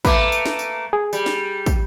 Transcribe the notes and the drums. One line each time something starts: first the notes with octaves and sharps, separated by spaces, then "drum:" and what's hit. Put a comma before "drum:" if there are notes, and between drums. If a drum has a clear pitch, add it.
A3 A#3 B4 D6, drum: kick, tambourine
drum: tambourine
drum: snare
drum: tambourine
G#4
G3, drum: tambourine
drum: snare
drum: kick, tambourine